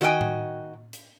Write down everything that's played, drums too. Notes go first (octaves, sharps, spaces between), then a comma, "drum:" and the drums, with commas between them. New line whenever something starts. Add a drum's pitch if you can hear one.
D#3 F#4 D#5 E5 G5 G#5
drum: tom A2
drum: hi-hat